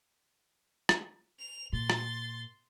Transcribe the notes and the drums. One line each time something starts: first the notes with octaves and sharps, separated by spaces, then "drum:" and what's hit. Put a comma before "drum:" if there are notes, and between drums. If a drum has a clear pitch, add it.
drum: rim click
F7
A#2 C6 A6
drum: rim click